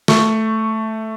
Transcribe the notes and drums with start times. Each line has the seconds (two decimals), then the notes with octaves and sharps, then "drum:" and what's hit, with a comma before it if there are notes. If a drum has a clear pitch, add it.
0.08 A3 C#6, drum: snare